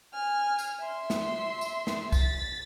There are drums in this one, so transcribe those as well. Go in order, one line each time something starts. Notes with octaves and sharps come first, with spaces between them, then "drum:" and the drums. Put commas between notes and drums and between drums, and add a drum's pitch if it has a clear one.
G#5 F6
drum: tambourine
E5 C6
drum: snare
drum: tambourine
drum: snare
A6 B6, drum: kick, tambourine